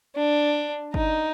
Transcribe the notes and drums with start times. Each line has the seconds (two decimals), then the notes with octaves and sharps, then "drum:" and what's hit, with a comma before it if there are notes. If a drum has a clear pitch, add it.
0.16 D4
0.94 D#4, drum: kick G1